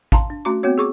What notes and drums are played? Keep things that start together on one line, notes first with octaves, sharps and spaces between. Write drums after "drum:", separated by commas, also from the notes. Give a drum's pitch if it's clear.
F5 A5 A#5 C6, drum: kick
D4
A3 C#4 F#4 A#5 C6 D6
B3 C4 F#4 C#5
G#4 C#6 D6